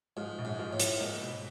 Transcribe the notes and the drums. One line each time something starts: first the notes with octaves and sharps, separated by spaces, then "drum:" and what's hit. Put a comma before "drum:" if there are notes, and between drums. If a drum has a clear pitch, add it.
G#2 F3
A#1
G#2
F3
A2
F3, drum: hi-hat
G#2 A#3
B2